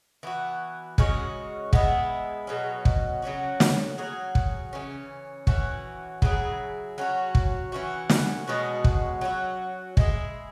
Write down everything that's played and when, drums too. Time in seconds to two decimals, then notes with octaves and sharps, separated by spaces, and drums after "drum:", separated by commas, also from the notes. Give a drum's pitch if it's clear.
0.23 E3 B3 F#4
0.98 C#3 G#3 C#4 F#4, drum: kick
1.73 G#3 B3 E4 G#4, drum: kick
2.47 B2 F#3 C#4
2.85 drum: kick
3.22 C#3 F#3 C#4 F#4
3.60 drum: snare
3.98 F#3 C#4 G#4
4.35 drum: kick
4.73 C#3 E3 C#4
5.47 E3 C#4 F#4, drum: kick
6.22 C#3 F#3 E4 G#4, drum: kick
6.98 F#3 C#4 F#4
7.35 drum: kick
7.72 E3 C#4 F#4
8.10 drum: snare
8.47 B2 G#3 C#4 F#4
8.84 drum: kick
9.21 F#3 C#4 F#4
9.97 G#3 E4 G#4, drum: kick